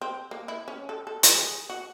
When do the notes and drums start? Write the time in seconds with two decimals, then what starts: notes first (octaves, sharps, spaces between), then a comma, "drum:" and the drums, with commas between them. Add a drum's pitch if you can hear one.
0.02 C4
0.31 A#3
0.48 E4
0.68 C#4
0.89 A4
1.07 A4
1.23 drum: hi-hat
1.35 G#4
1.70 F#4